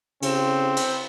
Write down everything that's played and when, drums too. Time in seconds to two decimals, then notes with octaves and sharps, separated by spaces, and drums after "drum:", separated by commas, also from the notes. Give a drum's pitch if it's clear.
0.22 C#3 C4, drum: cymbal
0.77 drum: cymbal